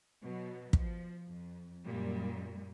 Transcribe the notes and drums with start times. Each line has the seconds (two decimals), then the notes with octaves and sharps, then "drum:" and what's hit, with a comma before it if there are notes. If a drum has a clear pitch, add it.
0.22 B2 F#3
0.73 F3, drum: kick
1.29 F2
1.86 F#2 A#2 G3